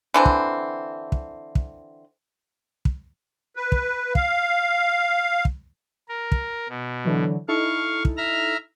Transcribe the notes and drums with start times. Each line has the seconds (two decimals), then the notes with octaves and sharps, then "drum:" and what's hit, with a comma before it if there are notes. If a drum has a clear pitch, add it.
0.14 D3 E3 C4
0.25 drum: kick
1.12 drum: kick
1.55 drum: kick
2.85 drum: kick
3.56 B4
3.72 drum: kick
4.15 F5, drum: kick
5.45 drum: kick
6.09 A#4
6.32 drum: kick
6.69 B2
7.05 D3 E3 F#3
7.48 D#4 E4 A4 F5 C#6
8.05 drum: kick
8.17 E5 A#5 F6